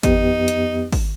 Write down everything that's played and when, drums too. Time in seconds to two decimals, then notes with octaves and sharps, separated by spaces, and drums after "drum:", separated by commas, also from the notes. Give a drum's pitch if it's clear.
0.03 F2 B3 D#4 G4, drum: kick G#1, hi-hat
0.48 drum: hi-hat
0.92 drum: kick G#1, open hi-hat